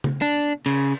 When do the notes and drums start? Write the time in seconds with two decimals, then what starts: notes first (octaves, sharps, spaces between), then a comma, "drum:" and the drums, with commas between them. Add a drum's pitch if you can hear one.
0.04 drum: tom C#3
0.22 D4
0.66 C#3, drum: cymbal